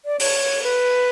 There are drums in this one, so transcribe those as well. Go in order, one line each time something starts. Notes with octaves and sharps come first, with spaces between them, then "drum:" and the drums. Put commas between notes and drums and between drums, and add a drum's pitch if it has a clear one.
D5
C#5, drum: open hi-hat
B4